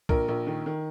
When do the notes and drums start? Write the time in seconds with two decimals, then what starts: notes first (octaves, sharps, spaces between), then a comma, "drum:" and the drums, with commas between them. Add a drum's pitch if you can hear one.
0.09 A#1 A#4, drum: kick
0.28 A#1
0.47 D#3
0.66 D#3